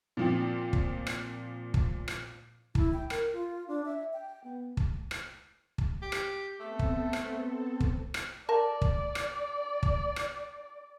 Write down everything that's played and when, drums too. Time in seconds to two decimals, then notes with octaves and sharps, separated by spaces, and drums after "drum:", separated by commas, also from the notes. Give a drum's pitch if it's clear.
0.17 A#2 F3 C4
0.73 drum: kick
1.07 drum: rim click
1.74 drum: kick
2.08 drum: rim click
2.75 E4, drum: kick
2.93 G5
3.10 A#4, drum: rim click
3.33 F4
3.68 D4
3.85 E5
4.13 G5
4.44 B3
4.77 drum: kick
5.11 drum: rim click
5.78 drum: kick
6.02 G4
6.12 drum: rim click
6.60 A3 B3 C4 A4
6.79 drum: kick
7.13 drum: rim click
7.80 drum: kick
8.14 drum: rim click
8.49 A#4 D5 A5
8.82 drum: kick
9.15 drum: rim click
9.83 drum: kick
10.16 drum: rim click